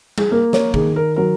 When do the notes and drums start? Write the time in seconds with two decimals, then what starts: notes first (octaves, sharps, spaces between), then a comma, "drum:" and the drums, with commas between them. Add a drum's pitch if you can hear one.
0.18 G#4, drum: tom G3
0.32 A#3 A#4
0.53 A#4 C#5, drum: snare
0.74 D#3 G#4, drum: kick
0.96 A#4
1.16 F#3 A#4